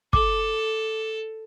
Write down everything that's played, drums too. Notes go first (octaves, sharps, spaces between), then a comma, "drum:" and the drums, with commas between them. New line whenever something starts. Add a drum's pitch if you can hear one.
A4 D6, drum: kick